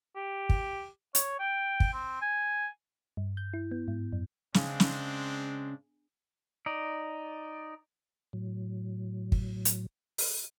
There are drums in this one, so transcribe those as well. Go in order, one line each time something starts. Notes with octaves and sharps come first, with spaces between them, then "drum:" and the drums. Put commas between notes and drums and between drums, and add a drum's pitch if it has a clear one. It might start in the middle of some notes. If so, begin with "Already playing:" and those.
G4
drum: kick
C#5, drum: hi-hat
G5
drum: kick
C4
G#5
G2
G6
E4
B3
G#2
F#2
C#3 G#3 C4 D4, drum: snare
drum: snare
D#4 D5
A2 F#3
drum: kick
drum: hi-hat
drum: open hi-hat